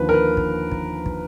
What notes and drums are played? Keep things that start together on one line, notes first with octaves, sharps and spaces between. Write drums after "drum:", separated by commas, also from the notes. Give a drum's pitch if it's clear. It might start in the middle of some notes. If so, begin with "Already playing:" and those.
Already playing: D#2 D3 F3 B4
A#4
B4
drum: kick
drum: kick
drum: kick